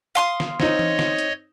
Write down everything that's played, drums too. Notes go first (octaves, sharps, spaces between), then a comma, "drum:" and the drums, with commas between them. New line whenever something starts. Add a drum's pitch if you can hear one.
F5 C6 D#6
drum: snare
C4 D#4 C#5 D#5, drum: snare
drum: tom E3
drum: snare
drum: hi-hat